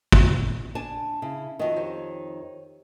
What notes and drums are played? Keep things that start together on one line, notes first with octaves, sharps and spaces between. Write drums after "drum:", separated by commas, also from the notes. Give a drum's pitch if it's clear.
drum: kick
D4 G#5 A5
C#3 E4
F2 D#3 F#4 D#5 G5
G4 C5 C#5